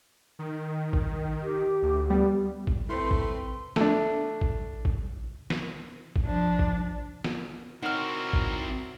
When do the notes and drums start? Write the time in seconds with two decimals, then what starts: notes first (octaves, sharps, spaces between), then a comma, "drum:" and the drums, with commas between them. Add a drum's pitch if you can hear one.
0.39 D#3
0.93 drum: kick
1.42 G4
1.82 D2
2.10 G3 B3
2.67 drum: kick
2.89 A3 C4 E4 B4 C5 C6
3.11 drum: kick
3.76 A3 D4, drum: snare
4.41 drum: kick
4.85 drum: kick
5.50 drum: snare
6.16 drum: kick
6.25 F3 D4
6.59 drum: kick
7.24 drum: snare
7.82 C4 D#4 E4 F#4 A#4 C#5 F6
8.33 drum: kick